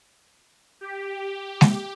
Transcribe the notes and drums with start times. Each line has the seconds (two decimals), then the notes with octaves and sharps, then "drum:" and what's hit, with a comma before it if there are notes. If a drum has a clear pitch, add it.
0.81 G4
1.61 drum: snare G#3